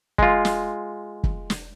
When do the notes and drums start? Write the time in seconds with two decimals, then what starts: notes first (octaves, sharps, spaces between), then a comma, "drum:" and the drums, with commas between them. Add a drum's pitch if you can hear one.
0.18 G#3 F4, drum: kick
0.45 drum: snare
1.24 drum: kick
1.50 drum: snare